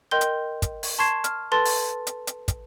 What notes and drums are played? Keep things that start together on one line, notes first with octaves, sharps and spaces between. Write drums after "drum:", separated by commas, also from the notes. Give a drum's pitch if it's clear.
A#4 D#5 G5 C6 G6 G7
drum: hi-hat
drum: kick, hi-hat
drum: open hi-hat
A5 C6 C#6 G#6 C7 E7
F6, drum: hi-hat
A4 B4 A5 C6 A6
drum: open hi-hat
drum: hi-hat
drum: hi-hat
drum: kick, hi-hat